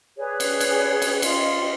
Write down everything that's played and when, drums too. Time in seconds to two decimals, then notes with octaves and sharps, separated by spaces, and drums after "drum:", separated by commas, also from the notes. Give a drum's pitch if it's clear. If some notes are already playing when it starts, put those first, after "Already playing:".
0.17 G#4 B4 C#5 D5
0.40 drum: cymbal
0.61 drum: cymbal
1.02 drum: cymbal
1.22 F4 D#5, drum: cymbal